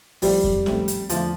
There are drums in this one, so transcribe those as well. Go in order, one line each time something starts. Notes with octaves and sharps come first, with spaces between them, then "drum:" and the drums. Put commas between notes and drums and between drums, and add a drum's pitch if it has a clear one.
A#1 A2 F3 G3 A3 C4, drum: open hi-hat
drum: kick F2
A#1 A2 F3 A3 C4, drum: snare C#4
drum: hi-hat
E2 D3 F3 A3 D4 F4, drum: hi-hat